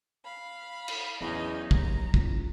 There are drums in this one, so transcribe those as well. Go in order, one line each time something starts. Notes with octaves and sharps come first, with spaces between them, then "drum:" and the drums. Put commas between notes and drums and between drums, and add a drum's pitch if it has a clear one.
F5 B5
drum: cymbal
E2 F#3 C#4 D#4 D#5
D#2 A#5, drum: kick
F#1 F4, drum: kick